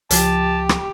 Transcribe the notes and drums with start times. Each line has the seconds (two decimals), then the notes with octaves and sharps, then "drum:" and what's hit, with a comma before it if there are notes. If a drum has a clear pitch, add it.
0.11 C#2 F3 G4 A5, drum: hi-hat
0.69 drum: rim click